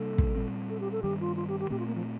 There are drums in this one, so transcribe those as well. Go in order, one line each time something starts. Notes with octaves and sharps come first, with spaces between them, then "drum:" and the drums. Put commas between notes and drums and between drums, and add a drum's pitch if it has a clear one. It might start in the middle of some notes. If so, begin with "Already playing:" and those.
Already playing: C3 G3 A#3 D4 A4
drum: kick
A#2 G3 C4
A4
G4
A4
G2 D#3 G3 G4
F4
F4
G4
G4
A#2 A3 C4 G4
F4
A#3
F3